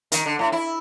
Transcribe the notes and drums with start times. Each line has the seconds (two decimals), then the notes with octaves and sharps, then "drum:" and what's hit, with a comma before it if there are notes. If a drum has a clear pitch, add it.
0.12 D#3, drum: hi-hat
0.26 D3
0.39 A2
0.52 E4